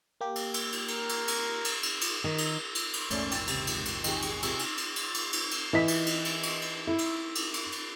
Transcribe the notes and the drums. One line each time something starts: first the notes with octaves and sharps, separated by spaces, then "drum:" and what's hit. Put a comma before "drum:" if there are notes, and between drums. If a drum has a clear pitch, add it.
A#3 G4
drum: cymbal
drum: cymbal
drum: cymbal
A#4, drum: cymbal
drum: cymbal
drum: cymbal
drum: cymbal
drum: cymbal
drum: cymbal
D#3
drum: cymbal
drum: cymbal
drum: cymbal
A#1 E2 G#2 A3 C#4 D5, drum: cymbal
G5 A6, drum: cymbal
C#2 C3, drum: cymbal
drum: cymbal
drum: cymbal
D#3 G4 G#4 C#6, drum: cymbal
drum: cymbal
C3, drum: cymbal
drum: cymbal
drum: cymbal
drum: cymbal
drum: cymbal
drum: cymbal
drum: cymbal
E3 D#5 B6
drum: cymbal
drum: cymbal
drum: cymbal
drum: cymbal
drum: cymbal
E4
drum: cymbal
drum: cymbal
drum: cymbal
drum: cymbal